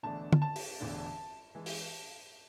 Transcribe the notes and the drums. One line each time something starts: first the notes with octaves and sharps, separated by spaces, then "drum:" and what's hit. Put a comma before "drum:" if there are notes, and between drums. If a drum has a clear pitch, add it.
E1 E2 D3 A3 D4 A5
drum: tom
A5
drum: open hi-hat
E1 E2 D3 A3 D4
E3 G#3
drum: open hi-hat